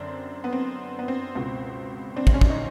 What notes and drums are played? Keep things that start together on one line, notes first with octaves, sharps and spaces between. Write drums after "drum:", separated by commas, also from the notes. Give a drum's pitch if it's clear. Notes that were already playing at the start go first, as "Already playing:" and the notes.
Already playing: F#2 D3 C4 D4
B3
C4
B3
C4
C#2 B2
C4 D4
C4, drum: kick
C#4
D4, drum: kick
D#4